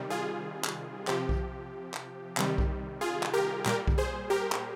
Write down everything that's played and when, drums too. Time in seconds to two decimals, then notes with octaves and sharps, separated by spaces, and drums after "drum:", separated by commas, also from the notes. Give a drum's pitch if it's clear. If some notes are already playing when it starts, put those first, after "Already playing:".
Already playing: C3 D#3 G3
0.10 F4 G#4
0.65 drum: clap
1.07 C3 F3 G4, drum: clap
1.29 drum: kick B1
1.94 drum: clap
2.37 C3 D#3 G3, drum: clap
2.58 drum: kick B1
3.01 F4 G#4
3.23 drum: clap
3.34 G4 A#4
3.66 A#2 G3 G4 A#4, drum: clap
3.87 drum: kick B1
3.98 G#4 C5
4.30 G4 A#4
4.52 drum: clap